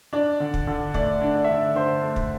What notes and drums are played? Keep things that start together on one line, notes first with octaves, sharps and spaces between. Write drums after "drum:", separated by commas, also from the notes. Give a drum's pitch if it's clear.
D4 D5
D3
drum: kick
D3
A3 D5, drum: kick
D4
D5
E5
D3 D5
D3 C5
A3
drum: kick